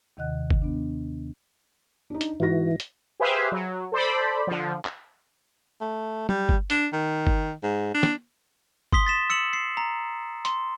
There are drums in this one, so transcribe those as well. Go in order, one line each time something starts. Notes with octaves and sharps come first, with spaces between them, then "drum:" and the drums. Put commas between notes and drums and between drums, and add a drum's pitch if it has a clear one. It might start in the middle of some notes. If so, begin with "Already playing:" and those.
D#2 C3 D#3 D#5 F#5 F#6
drum: kick G1
B3 D4
D4 D#4
drum: hi-hat
G#2 E3 F#4 A#6
drum: hi-hat
G4 G#4 B4 C5 E5 F5
F#3
A4 C5 D5 B5
D3 F3
drum: clap
A3
G3, drum: tom
drum: kick G1
D4, drum: hi-hat
D#3
drum: kick G1
G#2
D4
drum: snare
C6 D#6 B6 G7, drum: kick G1
A6 B6 E7
E6 C#7 E7 F#7
C7
A#5
C6, drum: hi-hat